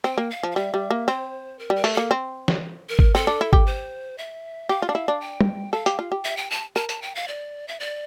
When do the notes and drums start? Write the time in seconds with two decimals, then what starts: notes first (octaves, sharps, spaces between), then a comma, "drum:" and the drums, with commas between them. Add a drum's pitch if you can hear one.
0.04 C4 G5
0.18 A#3
0.30 F5
0.43 F3
0.52 F5
0.56 G3 E5
0.74 G3
0.91 A#3
1.08 C4 C5
1.59 A#4
1.70 G3
1.76 A#4
1.84 A3, drum: open hi-hat
1.94 A#3 A4
2.11 C4
2.48 drum: snare
2.89 A#4
2.99 drum: kick G#1
3.15 C4 A4
3.27 D4
3.41 E4
3.53 G4, drum: kick G#1
3.66 C5
4.18 E5
4.69 G4 F5
4.82 F4
4.89 D4
4.95 E4
5.08 D4
5.21 G5
5.41 drum: tom
5.73 A4 F5
5.86 G4, drum: hi-hat
5.99 F4
6.12 G4
6.25 E5
6.37 G5
6.51 A5
6.76 A#4 A5
6.89 A5, drum: hi-hat
7.02 G5
7.15 F5
7.28 D5
7.68 E5
7.80 D5